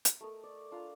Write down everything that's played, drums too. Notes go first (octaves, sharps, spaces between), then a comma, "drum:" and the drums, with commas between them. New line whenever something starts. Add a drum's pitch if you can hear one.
drum: hi-hat
A3 A#4 D#5
D5
D4 F4 F#5 A#5